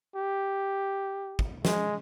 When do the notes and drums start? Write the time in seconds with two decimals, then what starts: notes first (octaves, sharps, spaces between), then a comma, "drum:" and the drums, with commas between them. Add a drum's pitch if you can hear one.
0.16 G4
1.39 drum: kick
1.65 G#3, drum: snare